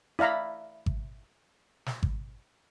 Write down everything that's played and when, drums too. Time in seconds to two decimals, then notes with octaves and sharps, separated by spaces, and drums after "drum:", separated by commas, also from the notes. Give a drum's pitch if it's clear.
0.19 E4 D5 F5 A#5 B5
0.86 drum: kick G#1
1.86 drum: snare
2.03 drum: kick G#1